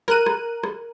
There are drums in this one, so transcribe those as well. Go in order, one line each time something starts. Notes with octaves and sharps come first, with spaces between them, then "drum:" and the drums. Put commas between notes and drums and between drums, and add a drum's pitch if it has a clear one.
A#4 F#6 D#7, drum: rim click
drum: rim click
drum: rim click